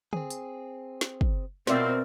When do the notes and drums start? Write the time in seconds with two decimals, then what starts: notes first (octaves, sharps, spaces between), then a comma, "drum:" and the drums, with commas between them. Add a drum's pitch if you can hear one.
0.13 C4 G#4, drum: tom
0.30 drum: hi-hat
1.01 drum: snare
1.21 drum: kick
1.67 B2 B3 C4 F4 A#4 C5 D5 E5, drum: snare